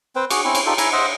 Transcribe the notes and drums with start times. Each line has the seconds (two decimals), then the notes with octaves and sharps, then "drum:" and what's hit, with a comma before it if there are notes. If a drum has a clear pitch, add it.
0.16 C4 B4 C5 G5
0.30 F#4 G#4 D6, drum: cymbal
0.44 C4 C#4 E4
0.55 drum: cymbal
0.66 D#4 F4 G4 A4
0.78 E4 E5 G#5 A#5, drum: cymbal
0.92 C5 D#5 E5 F#5